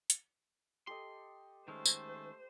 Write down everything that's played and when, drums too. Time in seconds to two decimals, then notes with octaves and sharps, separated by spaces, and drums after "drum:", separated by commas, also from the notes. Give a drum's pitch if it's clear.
0.10 drum: hi-hat
0.87 G4 A4 D#5 C6
1.68 D#3 G#3 A3 C#4 C5
1.86 drum: tambourine